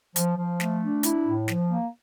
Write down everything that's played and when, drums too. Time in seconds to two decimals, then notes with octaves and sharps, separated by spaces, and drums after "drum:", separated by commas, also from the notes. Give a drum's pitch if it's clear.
0.16 F3, drum: hi-hat
0.38 F3
0.60 A3, drum: snare
0.82 D4
1.03 E4, drum: hi-hat
1.25 A2
1.48 F3, drum: snare
1.70 A#3